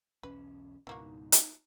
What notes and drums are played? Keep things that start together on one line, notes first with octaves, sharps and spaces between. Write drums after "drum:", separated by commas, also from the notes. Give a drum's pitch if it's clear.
B1 E2 C#4 B4
C#2 G#2 B2 E3 A#3 D#4 F#4
drum: hi-hat